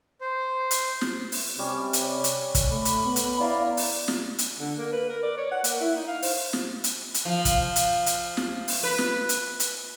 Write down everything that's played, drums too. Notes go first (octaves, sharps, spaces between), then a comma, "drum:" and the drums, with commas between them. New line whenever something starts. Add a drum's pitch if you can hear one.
C5
drum: hi-hat
drum: snare
drum: open hi-hat
C3 G3 C#4 D6
drum: hi-hat
C#5
drum: hi-hat
drum: kick, hi-hat
A3 B5
drum: hi-hat
B3
drum: hi-hat
E4 D5 F5 A#5
drum: open hi-hat
drum: snare
drum: hi-hat
D3
A#3
B4
A#4
D5
C#5
F#5
A#3, drum: hi-hat
E4
D#4
F5
C5, drum: open hi-hat
drum: snare
drum: hi-hat
drum: hi-hat
F3
drum: kick, hi-hat
drum: hi-hat
drum: hi-hat
drum: snare
drum: open hi-hat
B4
drum: snare
drum: hi-hat
drum: hi-hat